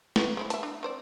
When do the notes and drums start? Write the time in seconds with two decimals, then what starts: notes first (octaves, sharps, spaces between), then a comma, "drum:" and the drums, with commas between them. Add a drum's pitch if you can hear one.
0.16 B3 F#4, drum: snare
0.37 G#3 C4 E4
0.50 E5 A5, drum: hi-hat
0.63 D4
0.83 C4 C5 D5